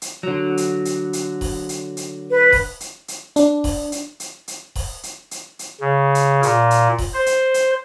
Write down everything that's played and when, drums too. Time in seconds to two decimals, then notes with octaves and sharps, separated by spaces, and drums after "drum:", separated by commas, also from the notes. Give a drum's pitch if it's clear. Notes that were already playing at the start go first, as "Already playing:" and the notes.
0.02 drum: hi-hat
0.23 D3 F#3
0.57 drum: hi-hat
0.85 drum: hi-hat
1.13 drum: hi-hat
1.41 drum: kick D#1, open hi-hat
1.69 drum: hi-hat
1.97 drum: hi-hat
2.30 B4
2.52 drum: kick D#1, open hi-hat
2.80 drum: hi-hat
3.08 drum: hi-hat
3.36 D4, drum: hi-hat
3.64 drum: kick D#1, open hi-hat
3.92 drum: hi-hat
4.20 drum: hi-hat
4.48 drum: hi-hat
4.75 drum: kick D#1, open hi-hat
5.03 drum: hi-hat
5.31 drum: hi-hat
5.59 drum: hi-hat
5.80 C#3
6.15 drum: hi-hat
6.43 A#2, drum: hi-hat
6.71 drum: hi-hat
6.98 drum: kick D#1, open hi-hat
7.13 C5
7.26 drum: hi-hat
7.54 drum: hi-hat